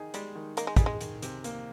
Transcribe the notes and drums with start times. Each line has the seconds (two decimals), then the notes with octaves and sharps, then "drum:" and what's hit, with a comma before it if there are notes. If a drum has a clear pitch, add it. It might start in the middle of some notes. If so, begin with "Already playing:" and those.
Already playing: D#3 D#4 G#4
0.14 G3 G#3, drum: hi-hat
0.35 D#3
0.57 A#3 D#4, drum: hi-hat
0.67 G#3
0.76 G3 G#4, drum: kick, hi-hat
0.86 G#3
1.01 D#3, drum: hi-hat
1.22 C3, drum: hi-hat
1.44 A#3, drum: hi-hat